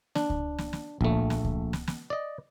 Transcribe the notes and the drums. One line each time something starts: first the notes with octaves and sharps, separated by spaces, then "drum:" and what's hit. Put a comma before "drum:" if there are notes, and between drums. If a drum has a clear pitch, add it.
D4, drum: snare
drum: kick C#2
drum: snare
drum: snare
A#1 A3, drum: kick C#2
drum: snare
drum: kick C#2
drum: snare
drum: snare
D5 D#5